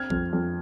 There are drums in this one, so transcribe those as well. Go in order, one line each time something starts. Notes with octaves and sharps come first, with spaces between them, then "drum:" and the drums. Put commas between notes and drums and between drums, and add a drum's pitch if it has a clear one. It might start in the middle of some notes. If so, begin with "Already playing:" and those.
Already playing: C4 F6 G#6
F2, drum: kick A#1
F2